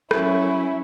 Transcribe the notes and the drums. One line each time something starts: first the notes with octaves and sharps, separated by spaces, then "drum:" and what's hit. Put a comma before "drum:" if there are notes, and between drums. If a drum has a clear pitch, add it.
F#3 C#4 E4, drum: rim click